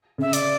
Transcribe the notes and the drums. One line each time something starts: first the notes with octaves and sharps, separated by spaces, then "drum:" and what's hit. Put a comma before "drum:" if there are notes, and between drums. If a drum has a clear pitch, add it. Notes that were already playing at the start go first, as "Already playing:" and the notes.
C#3
E5
D5, drum: hi-hat